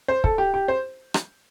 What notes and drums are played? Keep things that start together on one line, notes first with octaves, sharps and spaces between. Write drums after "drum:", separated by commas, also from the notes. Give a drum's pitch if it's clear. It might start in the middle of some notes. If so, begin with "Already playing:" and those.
C5
A4, drum: kick
G4
G4
C5
drum: rim click